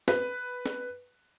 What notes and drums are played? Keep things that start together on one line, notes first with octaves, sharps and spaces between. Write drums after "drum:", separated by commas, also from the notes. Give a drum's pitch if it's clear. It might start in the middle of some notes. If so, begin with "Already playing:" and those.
B4, drum: snare
drum: snare